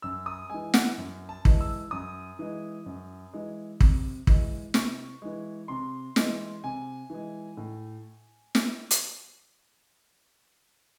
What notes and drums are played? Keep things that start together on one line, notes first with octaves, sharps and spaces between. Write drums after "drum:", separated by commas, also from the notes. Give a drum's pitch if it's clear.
F#2 E6
D#6
E3 G#3 G#5
F#5, drum: snare
F#2
A5
E3 G#3, drum: kick
E6
F#2 D#6
E3 G#3
F#2
E3 G#3
C3, drum: kick
E3 G#3, drum: kick
C3 C#6, drum: snare
E3 G#3
C3 C6
E3 G#3, drum: snare
C3 G#5
E3 G#3
A2
drum: snare
drum: hi-hat